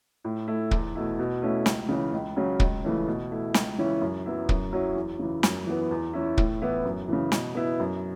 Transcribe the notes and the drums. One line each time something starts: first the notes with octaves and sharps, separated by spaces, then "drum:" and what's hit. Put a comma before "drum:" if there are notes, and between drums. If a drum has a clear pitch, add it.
A2
A3 E4
E2, drum: kick
B2 A3 E4
B2
A3 C#4 E4
C#2, drum: snare
C#3 E3 C#4
C#2
C#3 F#3 C#4
C#2, drum: kick
C#3 E3 A3 C#4
B2
A3 E4
C#2, drum: snare
C#3 E3 C#4 E4
F#2
F#3 B3 E4
F#2, drum: kick
F#3 C#4 E4
E2
C#3 E3
F#2, drum: snare
E3 B3
E2
E3 C#4 E4
A2, drum: kick
E3 B3 E4
F#2
C#3 E3
B2, drum: snare
B3 E4
F#2